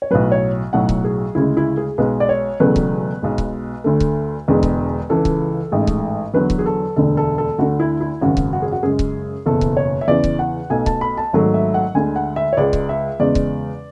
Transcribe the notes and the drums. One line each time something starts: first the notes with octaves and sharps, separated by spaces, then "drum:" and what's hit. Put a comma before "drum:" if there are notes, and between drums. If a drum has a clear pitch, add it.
C#5
B1 A2 F#3 B4
C#5
B1 A2 F#3 F#5
drum: kick C#1
G#4
D2 C#3 G#3 E4
E4
G#4
B1 B2 G#3 B4
D5
C#5
E1 E2 C#3 F#3 A3 B4
drum: kick C#1
B1 B2 G#3
drum: kick C#1
D2 D3 A3
drum: kick C#1
E1 E2 D3 G#3
drum: kick C#1
C#2 C#3 E3 A4
drum: kick C#1
A1 G#2 G#3
drum: kick C#1
E2 D3 F#3 B4
drum: kick C#1
G#4
A4
E1 D2 D3 A4
A4
A4
D2 D3 A3 F#4
E4
E4
G#1 F#2 C#3 F#4
drum: kick C#1
F#4
G#4
F#4
F#2 C#3 G#3 G#4
drum: kick C#1
F#1 E2 B2 A4
drum: kick C#1
C#5
E5
E2 C#3 E3 D5
drum: kick C#1
F#5
B1 B2 A3 G#5
A5, drum: kick C#1
B5
A5
G#1 G#2 F#3 A3
E5
F#5
D2 D3 G#3 G#5
F#5
E5
C#5
C#2 C#3 G#3 D5
drum: kick C#1
E5
E2 C#3 G#3 D5
drum: kick C#1